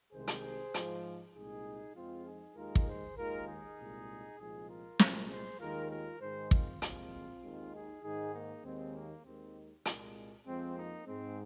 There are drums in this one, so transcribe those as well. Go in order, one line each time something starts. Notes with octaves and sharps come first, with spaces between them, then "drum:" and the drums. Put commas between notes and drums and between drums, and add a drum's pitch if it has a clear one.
C2 C3 D#3 G#3 G#4 C5
drum: hi-hat
G#2 F3 G#3, drum: hi-hat
C2 A#2 G#3 D#4 G#4
F2 F3 G#3 C4 F4
D#4 G#4
D#2 D#3 G#3 F4 A#4
drum: kick
G#4 C5
D#2 D#3 G#3 F4 A#4
D#4 G#4
C2 A#2 G#3
C2 A#2 F3 G#3 D#4 G#4
F4 A#4
C2 A#2 G#3, drum: snare
G#4 C5
D#2 D#3 G#3 F4 A#4
F4 A#4
G#2 D#3 G#3 G#4 C5
C4 F4, drum: kick
C2 A#2 F3 G#3 C4 F4, drum: hi-hat
D#2 D#3 G#3
D#4 G#4
G#2 D#3 G#3 D#4 G#4
A#3 D#4
D#2 D#3 G#3 C4
A#3
D#2 D#3 G#3 C4
C2 A#2 G#3, drum: hi-hat
F2 F3 G#3 C4
A#3 D#4
G#2 G#3 C4